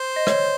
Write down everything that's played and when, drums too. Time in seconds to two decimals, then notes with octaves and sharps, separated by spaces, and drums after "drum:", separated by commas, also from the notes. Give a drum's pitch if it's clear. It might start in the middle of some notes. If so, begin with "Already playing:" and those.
Already playing: C5
0.16 D#5
0.27 C#5, drum: rim click